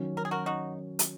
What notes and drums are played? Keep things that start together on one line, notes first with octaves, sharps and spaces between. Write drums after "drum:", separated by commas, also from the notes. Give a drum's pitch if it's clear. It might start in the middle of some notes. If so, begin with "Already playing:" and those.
Already playing: D#3 F#3 C#4
A#4
G#4
F#4 A#4
D#4 F#4
drum: hi-hat